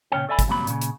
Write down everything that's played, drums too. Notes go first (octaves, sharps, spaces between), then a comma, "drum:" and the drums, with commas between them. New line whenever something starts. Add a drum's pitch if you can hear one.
A#2 C#3 C#4 C#5 G5
A4 D5 E5 G#5 B5
drum: kick, hi-hat
C#2 G2 C3 F#3 A#3 B5
A#2 C#3, drum: hi-hat
drum: hi-hat